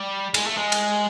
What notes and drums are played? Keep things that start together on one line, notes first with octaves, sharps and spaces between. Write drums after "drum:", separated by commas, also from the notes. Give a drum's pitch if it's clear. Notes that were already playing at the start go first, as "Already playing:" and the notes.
Already playing: G3
G#3, drum: cymbal
A3
G#3
drum: cymbal